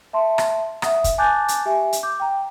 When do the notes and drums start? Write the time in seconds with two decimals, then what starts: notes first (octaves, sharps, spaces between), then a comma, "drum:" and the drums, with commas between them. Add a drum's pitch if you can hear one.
0.13 E5 A5 C6
0.38 drum: rim click
0.82 E5 F#5 D#6, drum: rim click
1.04 drum: kick, hi-hat
1.18 G#5 A5 D6 F#6 G6 A6
1.48 drum: hi-hat
1.66 G4 E5 G#5
1.93 drum: hi-hat
2.03 D6 G6
2.20 G5 A#5